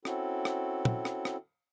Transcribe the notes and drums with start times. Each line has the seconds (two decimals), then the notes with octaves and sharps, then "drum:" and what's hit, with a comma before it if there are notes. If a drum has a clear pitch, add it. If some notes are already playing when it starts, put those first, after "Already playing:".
0.05 C4 C#4 E4 F#4 A4, drum: rim click
0.45 drum: rim click
0.85 drum: tom
1.05 drum: rim click
1.25 drum: rim click